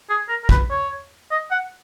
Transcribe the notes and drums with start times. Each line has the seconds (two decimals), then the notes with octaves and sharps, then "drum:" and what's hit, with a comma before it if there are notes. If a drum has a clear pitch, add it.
0.10 G#4
0.29 A#4
0.44 A#4
0.49 B4, drum: kick
0.70 C#5
1.31 D#5
1.51 F#5